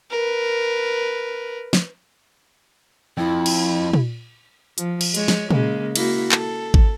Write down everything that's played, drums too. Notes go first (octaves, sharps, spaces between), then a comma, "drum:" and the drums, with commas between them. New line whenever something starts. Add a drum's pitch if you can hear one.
A#4 B4
drum: snare
F2 E4
drum: cymbal
drum: tom
F3, drum: hi-hat
drum: cymbal
G#3 C#5, drum: hi-hat
drum: snare
C#3 G#3 A#3, drum: tom
A#3 E4 F#4, drum: cymbal
A4, drum: clap
drum: kick G#1